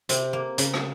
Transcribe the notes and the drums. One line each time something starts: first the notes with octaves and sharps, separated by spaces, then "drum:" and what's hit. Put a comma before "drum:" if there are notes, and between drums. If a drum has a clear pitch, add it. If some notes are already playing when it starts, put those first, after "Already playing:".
C3 C4, drum: hi-hat
A#3
C#3, drum: hi-hat
drum: rim click